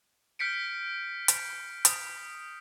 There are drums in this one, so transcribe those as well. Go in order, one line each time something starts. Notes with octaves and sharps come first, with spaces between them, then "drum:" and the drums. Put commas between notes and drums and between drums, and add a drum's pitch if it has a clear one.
F6 G6 B6 C#7 D7
drum: hi-hat
D#6, drum: hi-hat